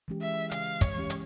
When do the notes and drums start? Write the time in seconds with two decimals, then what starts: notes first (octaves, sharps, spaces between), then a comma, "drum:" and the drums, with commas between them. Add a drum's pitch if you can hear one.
0.08 E3 G#3 C#4 G4
0.22 E5
0.51 C#3 F5, drum: hi-hat
0.81 C#5, drum: kick, hi-hat
0.95 E3 G#3 C#4 G4
1.10 drum: hi-hat